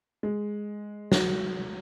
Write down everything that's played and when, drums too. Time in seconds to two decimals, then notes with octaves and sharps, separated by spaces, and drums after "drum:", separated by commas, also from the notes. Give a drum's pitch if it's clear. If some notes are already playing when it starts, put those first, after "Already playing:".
0.23 G#3
1.12 F#3, drum: snare